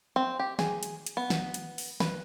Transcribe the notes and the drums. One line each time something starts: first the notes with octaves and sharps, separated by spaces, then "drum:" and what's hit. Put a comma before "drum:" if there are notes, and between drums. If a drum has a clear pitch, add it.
C4
G4
G#4, drum: snare
drum: hi-hat
drum: hi-hat
B3
drum: snare
drum: hi-hat
drum: open hi-hat
B4, drum: snare